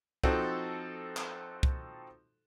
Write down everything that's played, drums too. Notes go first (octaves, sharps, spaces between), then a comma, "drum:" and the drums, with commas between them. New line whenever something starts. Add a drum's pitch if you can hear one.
F3 C4 D#4 F#4 A4, drum: kick
drum: clap
drum: kick